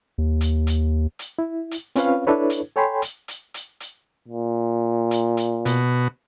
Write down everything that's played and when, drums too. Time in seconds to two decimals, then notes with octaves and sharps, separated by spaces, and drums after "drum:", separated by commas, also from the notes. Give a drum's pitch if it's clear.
0.18 D#2
0.41 drum: hi-hat
0.67 drum: hi-hat
1.19 drum: hi-hat
1.39 E4
1.71 drum: hi-hat
1.96 C4 C#4 F4 B4 C#5 F5, drum: hi-hat
2.27 D4 E4 A4 B4 C#5
2.50 drum: hi-hat
2.76 A4 C#5 G5 G#5 B5 C6
3.02 drum: hi-hat
3.28 drum: hi-hat
3.54 drum: hi-hat
3.80 drum: hi-hat
4.28 A#2
5.11 drum: hi-hat
5.37 drum: hi-hat
5.65 B2, drum: hi-hat